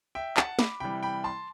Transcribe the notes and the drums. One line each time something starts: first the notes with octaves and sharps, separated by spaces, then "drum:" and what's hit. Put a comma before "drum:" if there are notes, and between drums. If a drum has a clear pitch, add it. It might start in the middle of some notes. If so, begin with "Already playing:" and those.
E5 G5
F#5 A5, drum: clap
B5 D6, drum: snare
C3 E3 G3 G5 B5
G5 B5
A5 C6